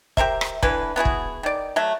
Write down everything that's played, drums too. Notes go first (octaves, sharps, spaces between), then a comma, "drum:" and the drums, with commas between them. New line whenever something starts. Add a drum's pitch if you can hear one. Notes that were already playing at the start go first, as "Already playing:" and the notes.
G4 A#4 C5 E5, drum: kick
drum: rim click
D3 E3 E4 B4, drum: kick
B3 E4 F#4 G#4
drum: kick
D#3 D5
F#3 A3 E5